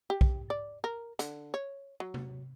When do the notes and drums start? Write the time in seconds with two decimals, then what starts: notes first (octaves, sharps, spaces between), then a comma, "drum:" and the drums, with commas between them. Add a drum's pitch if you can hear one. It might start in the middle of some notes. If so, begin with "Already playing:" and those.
0.10 G4
0.21 drum: kick B1
0.50 D5
0.84 A#4
1.19 D3, drum: hi-hat
1.54 C#5
2.00 F#3
2.14 drum: tom C3